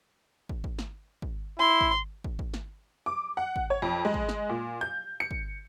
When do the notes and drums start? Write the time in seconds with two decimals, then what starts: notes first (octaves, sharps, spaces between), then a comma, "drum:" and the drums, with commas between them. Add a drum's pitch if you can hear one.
0.49 drum: kick
0.64 drum: kick
0.79 drum: snare
1.22 drum: kick
1.59 E4 C6
1.81 drum: kick
2.24 drum: kick
2.39 drum: kick
2.54 drum: snare
3.06 D6
3.37 F#5
3.56 drum: kick
3.70 C#5
3.82 F2
4.05 G#3
4.14 drum: kick
4.29 drum: snare
4.49 A#2
4.81 G6
5.20 C#7
5.31 drum: kick